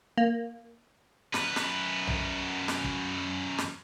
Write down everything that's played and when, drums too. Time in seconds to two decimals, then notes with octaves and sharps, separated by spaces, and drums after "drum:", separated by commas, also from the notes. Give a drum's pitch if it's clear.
0.18 A#3
1.34 F#2 B4, drum: snare
1.56 drum: snare
2.07 drum: tom B1
2.68 drum: snare
2.84 drum: kick
3.58 drum: snare